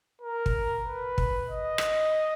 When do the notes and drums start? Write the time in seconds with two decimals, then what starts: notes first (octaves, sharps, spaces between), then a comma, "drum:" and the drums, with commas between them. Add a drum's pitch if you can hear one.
0.22 A#4
0.46 drum: kick
0.86 B4
1.18 drum: kick
1.49 D#5
1.78 drum: rim click